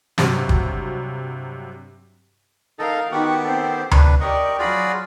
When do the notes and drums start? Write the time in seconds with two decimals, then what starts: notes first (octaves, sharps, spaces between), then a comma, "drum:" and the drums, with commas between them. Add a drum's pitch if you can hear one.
0.18 G2 C3 F#3 F#4, drum: snare
0.49 drum: kick
2.79 D#4 A4 A#4 F5
3.12 D#3 B3 D#4 F#4 G4 F#5 C#6
3.44 C4 A4 C5
3.91 D4 B4, drum: tom D2
4.21 G4 A#4 D5 D#5 C#6
4.59 F#3 F4 F#4 G#4 D5 B5